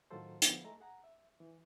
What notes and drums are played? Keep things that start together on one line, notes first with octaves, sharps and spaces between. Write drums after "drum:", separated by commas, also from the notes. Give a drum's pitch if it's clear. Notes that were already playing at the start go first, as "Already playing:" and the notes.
A2 D#3 F#3 F4 A4 C5
D3 F3 B3 E4, drum: hi-hat
G#3 A3 E5 A#5
G#4 F#5 A#5
E5
E3